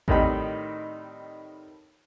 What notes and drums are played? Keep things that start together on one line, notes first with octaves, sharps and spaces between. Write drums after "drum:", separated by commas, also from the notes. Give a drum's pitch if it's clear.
A2 D#3 G3 C4 D#4 B5, drum: kick A1